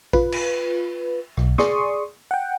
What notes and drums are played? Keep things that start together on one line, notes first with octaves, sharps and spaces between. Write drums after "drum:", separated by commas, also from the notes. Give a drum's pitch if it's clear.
F4 B4, drum: kick A1
drum: cymbal
B1, drum: rim click
G#4 D5 C6 C#6 D#6, drum: snare
F#5 G5